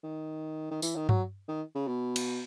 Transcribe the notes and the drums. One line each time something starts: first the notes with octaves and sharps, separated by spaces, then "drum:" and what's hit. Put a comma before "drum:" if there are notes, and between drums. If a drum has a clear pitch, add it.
D#3
D#3
E3, drum: tambourine
D#3
F#3, drum: tom G2
D#3
C#3
B2
drum: cymbal